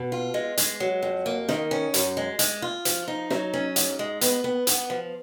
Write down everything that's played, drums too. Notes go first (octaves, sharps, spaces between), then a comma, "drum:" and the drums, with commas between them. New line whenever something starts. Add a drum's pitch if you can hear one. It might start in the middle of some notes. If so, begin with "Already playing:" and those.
Already playing: B2
F4
G#3
G#3, drum: hi-hat
F#3
F2
A#3
D#3, drum: snare
C#4
F#2, drum: hi-hat
G#3
G#3, drum: hi-hat
F4
F3, drum: hi-hat
D#4
F#3, drum: snare
C#4
G#2, drum: hi-hat
G#3
B3, drum: hi-hat
B3
B3, drum: hi-hat
F3